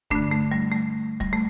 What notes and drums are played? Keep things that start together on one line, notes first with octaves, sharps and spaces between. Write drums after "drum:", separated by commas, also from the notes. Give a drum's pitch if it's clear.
G2 D3 A3 D4, drum: kick
A3
G3
A3
G3, drum: kick
A3